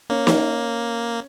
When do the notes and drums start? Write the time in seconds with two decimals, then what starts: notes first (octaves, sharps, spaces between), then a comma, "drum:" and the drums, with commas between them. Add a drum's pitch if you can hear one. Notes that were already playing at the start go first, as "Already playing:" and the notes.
0.10 A#3 C#4
0.27 drum: snare